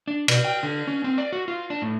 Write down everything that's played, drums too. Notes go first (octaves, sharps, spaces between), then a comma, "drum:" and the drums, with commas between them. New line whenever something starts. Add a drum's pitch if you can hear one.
D4
B2, drum: cymbal
G5
D3
C#4
C4
D5
F#4
F4
D4
A2